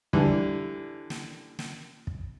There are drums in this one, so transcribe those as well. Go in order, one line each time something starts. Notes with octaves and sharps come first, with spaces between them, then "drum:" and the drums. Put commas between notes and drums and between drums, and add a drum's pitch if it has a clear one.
D3 E3 G3, drum: kick
drum: snare
drum: snare
drum: kick